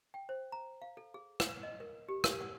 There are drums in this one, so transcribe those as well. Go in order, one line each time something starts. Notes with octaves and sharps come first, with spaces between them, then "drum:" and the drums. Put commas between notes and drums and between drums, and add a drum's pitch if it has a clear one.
G5
C5
A#5
F5
A4
G#4
F#5, drum: rim click
D#5
A#4
G4
A#4, drum: rim click
F#5